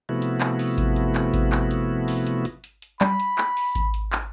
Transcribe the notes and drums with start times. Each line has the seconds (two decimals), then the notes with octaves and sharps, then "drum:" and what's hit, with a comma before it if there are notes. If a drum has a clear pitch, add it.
0.09 C3 F3 A3 B3 E4 F#4
0.22 drum: hi-hat
0.41 drum: clap
0.59 drum: open hi-hat
0.78 drum: kick G#1, hi-hat
0.96 drum: hi-hat
1.15 drum: clap
1.34 drum: kick G#1, hi-hat
1.52 drum: clap
1.71 drum: hi-hat
2.08 drum: open hi-hat
2.27 drum: hi-hat
2.45 drum: hi-hat
2.64 drum: hi-hat
2.82 drum: hi-hat
3.01 G3 B5, drum: clap
3.20 drum: hi-hat
3.38 drum: clap
3.57 drum: open hi-hat
3.75 drum: kick G#1, hi-hat
3.94 drum: hi-hat
4.13 drum: clap